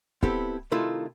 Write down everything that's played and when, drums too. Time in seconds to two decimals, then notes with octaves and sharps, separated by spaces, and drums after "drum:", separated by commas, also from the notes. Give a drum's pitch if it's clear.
0.23 B3 C4 E4 G4 A4, drum: kick
0.72 C3 D#3 A3 E4 F4 A4